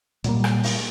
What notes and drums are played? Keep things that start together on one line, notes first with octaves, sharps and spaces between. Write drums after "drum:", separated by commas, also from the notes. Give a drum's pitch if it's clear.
A#2 F#3 G3 A#3, drum: hi-hat
drum: rim click
drum: open hi-hat